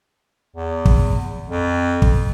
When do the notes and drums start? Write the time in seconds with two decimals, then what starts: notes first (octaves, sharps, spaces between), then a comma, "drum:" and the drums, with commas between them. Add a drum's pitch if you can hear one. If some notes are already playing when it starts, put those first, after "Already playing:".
0.56 E2
0.85 drum: kick
1.49 F2
2.02 drum: kick